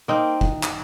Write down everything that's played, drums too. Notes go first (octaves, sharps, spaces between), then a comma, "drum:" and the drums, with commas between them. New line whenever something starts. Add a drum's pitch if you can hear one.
A#3 C4 D#4
drum: kick
drum: clap